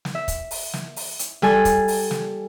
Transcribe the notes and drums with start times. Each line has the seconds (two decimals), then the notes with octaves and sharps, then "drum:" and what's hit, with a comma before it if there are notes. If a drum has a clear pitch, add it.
0.05 drum: snare
0.15 E5
0.28 drum: kick, hi-hat
0.51 drum: open hi-hat
0.74 drum: snare
0.96 drum: open hi-hat
1.19 drum: hi-hat
1.42 G3 A4 G#5, drum: snare
1.65 drum: kick, hi-hat
1.88 drum: open hi-hat
2.11 drum: snare